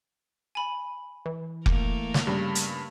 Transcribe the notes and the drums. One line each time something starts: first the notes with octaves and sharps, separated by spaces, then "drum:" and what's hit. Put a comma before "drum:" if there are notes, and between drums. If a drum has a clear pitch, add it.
G#5 B5
E3
A3 A#3 A#4, drum: kick F1
drum: snare
G2 C#3 G3
drum: hi-hat